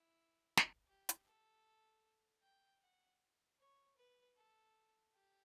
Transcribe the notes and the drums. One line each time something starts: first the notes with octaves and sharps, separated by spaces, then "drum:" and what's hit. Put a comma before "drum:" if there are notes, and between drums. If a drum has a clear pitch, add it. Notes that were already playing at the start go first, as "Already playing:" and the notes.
Already playing: E4
drum: snare
G4
drum: hi-hat
A4
G5
F#5
C#5
B4
A4
G4